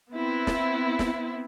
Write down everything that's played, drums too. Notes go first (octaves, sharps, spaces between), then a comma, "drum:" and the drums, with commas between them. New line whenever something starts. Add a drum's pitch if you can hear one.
B3 C4 E4
drum: snare
drum: snare